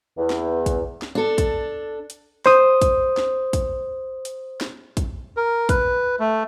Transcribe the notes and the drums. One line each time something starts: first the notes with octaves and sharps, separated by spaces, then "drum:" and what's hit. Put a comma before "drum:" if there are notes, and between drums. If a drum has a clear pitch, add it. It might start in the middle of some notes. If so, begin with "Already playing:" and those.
E2
drum: snare
drum: kick, hi-hat
drum: snare
D4 A4
drum: kick, hi-hat
drum: hi-hat
C5 D#6, drum: snare
drum: kick, hi-hat
drum: snare
drum: kick, hi-hat
drum: hi-hat
drum: snare
drum: kick, hi-hat
A#4
B4, drum: kick, hi-hat
A3